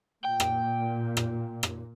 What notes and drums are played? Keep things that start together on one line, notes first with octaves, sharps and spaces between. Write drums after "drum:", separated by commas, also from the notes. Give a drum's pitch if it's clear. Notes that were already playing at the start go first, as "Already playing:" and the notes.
A#2 G5
drum: rim click
drum: rim click
drum: rim click